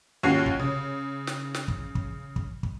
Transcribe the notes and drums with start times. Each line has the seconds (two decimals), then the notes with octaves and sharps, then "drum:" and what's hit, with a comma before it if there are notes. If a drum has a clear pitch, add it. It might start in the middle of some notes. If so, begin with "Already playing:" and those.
0.23 D#2 C#4 F4 F#4 C7
0.46 drum: kick
0.59 C#3
1.27 drum: snare
1.54 drum: snare
1.68 drum: kick
1.95 drum: kick
2.36 drum: kick
2.63 drum: kick